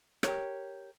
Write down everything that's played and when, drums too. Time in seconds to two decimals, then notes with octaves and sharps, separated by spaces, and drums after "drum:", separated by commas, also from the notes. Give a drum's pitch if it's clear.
0.23 G4 A#4 C#5, drum: rim click